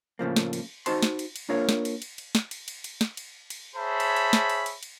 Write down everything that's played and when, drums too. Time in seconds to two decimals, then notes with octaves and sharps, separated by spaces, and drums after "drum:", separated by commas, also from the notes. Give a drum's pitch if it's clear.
0.19 A2 C#3 F3 A#3
0.36 drum: snare
0.53 drum: cymbal
0.86 D#4 F#4 C5 A5 C6, drum: cymbal
1.03 drum: snare
1.19 drum: cymbal
1.36 drum: cymbal
1.49 A#3 D4 F4 A#4 C#5
1.69 drum: snare
1.85 drum: cymbal
2.02 drum: cymbal
2.18 drum: cymbal
2.35 drum: snare
2.51 drum: cymbal
2.68 drum: cymbal
2.84 drum: cymbal
3.01 drum: snare
3.17 drum: cymbal
3.50 drum: cymbal
3.76 G#4 C5 C#5 E5 A5 B5
4.00 drum: cymbal
4.16 drum: cymbal
4.33 drum: snare
4.50 drum: cymbal
4.66 drum: cymbal
4.83 drum: cymbal